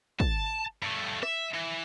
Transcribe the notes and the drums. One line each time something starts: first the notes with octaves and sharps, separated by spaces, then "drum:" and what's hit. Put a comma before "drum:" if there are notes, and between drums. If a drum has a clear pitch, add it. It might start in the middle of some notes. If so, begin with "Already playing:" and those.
A5, drum: kick
G2 A3
E5, drum: rim click
E3